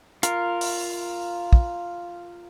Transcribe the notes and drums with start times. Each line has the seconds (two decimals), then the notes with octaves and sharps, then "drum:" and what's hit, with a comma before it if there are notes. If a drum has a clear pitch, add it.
0.23 F4 A#4, drum: hi-hat
0.61 drum: open hi-hat
1.53 drum: kick